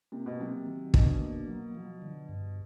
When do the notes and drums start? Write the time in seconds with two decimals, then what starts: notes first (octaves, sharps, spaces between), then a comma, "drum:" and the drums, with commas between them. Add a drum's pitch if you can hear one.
0.12 C3 A#3
0.26 B2
0.40 C3 F#3
0.66 D#3
0.94 B2 D4, drum: kick
1.20 A#3
1.48 F#3
1.75 F3
2.02 D3
2.29 G2